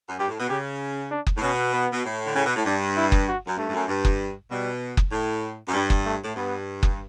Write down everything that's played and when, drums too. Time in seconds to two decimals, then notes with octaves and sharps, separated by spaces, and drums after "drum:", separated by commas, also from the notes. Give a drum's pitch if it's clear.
0.08 F#2
0.18 G2 G4
0.29 A2
0.39 B2
0.49 C#3 G4
1.11 D4
1.27 drum: kick F#1
1.37 A2
1.42 B2 C#4
1.73 B3
1.93 B2
2.04 A2
2.27 D3
2.35 C#3 C#4
2.46 B2
2.56 A2
2.65 G2 D4
2.96 E4
3.12 drum: kick F#1
3.28 F#4
3.47 F#2
3.58 G2 A3
3.69 G2
3.74 F#2
3.89 G2
4.05 drum: kick F#1
4.51 B2 G3
4.97 drum: kick F#1
5.12 A2
5.68 F#2
5.74 G2 G3
5.90 drum: kick F#1
6.05 A3
6.25 A2
6.36 G2 B3
6.83 drum: kick F#1